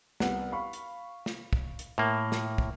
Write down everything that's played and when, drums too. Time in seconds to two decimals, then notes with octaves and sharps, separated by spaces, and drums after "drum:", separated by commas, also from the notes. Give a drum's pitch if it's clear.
0.20 C2 B3 F#5, drum: snare
0.52 F5 B5 C#6
0.73 drum: hi-hat
1.26 drum: snare
1.53 drum: kick
1.79 drum: hi-hat
1.98 A2 A#3
2.32 drum: snare
2.58 drum: kick